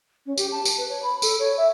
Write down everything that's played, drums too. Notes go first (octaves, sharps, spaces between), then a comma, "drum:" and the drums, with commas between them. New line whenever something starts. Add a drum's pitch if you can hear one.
C#4
G4, drum: tambourine
A5
drum: tambourine
B4
C#5
B5
A4, drum: tambourine
C#5
E5